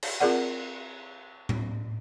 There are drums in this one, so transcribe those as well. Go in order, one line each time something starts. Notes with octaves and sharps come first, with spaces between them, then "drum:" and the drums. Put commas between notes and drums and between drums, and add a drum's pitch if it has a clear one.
drum: cymbal
C4 F4 G#4 A#4 D5 F#5
drum: tom A2